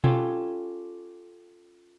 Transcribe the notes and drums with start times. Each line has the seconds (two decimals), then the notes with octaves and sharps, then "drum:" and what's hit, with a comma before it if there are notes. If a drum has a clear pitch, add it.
0.04 C#4 F4 G4 A4 C#5, drum: tom B2